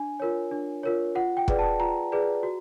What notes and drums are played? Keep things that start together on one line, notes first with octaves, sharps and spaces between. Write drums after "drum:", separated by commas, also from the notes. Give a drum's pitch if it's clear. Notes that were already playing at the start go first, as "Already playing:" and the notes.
Already playing: D4 G#5
F4 A#4 C#5
D4
F4 A#4 C#5
F4 F#5
G5
G#4 B4 D5, drum: kick
A5
F4 A#5
G#4 B4 D5
F#4